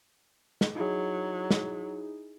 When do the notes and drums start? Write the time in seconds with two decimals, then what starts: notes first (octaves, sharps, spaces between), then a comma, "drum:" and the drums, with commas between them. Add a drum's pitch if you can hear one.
0.61 drum: snare
0.76 F#3 D#4 E4 G#4
1.51 drum: snare